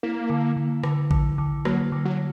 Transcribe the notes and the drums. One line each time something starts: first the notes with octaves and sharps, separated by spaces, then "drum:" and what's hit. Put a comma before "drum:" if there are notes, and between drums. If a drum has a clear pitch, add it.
A#3 E4
D3
D3
D3, drum: rim click
D3, drum: kick A1
D3
F#3 A#3, drum: rim click
D3
F#3